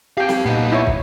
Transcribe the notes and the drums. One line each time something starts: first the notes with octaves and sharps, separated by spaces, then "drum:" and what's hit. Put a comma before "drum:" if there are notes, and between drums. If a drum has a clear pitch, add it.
C4 G4 F5 G5
drum: snare
A#2 B3 D#4
E4 C#5
drum: kick